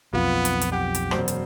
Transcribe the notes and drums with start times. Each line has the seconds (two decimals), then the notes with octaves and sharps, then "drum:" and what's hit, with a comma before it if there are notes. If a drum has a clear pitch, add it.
0.13 B1 F2 B3 F4
0.45 drum: hi-hat
0.61 drum: hi-hat
0.72 G4 F#5
0.95 drum: hi-hat
1.11 E1 F#2 C5, drum: rim click
1.28 drum: hi-hat